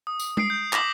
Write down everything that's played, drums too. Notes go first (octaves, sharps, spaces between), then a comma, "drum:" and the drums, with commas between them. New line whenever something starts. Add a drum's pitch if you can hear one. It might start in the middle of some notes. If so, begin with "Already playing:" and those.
D#6
drum: tambourine
D#6 C7 D7, drum: tom G#3
G6
D6 F6 A#6 B6 E7 F#7, drum: clap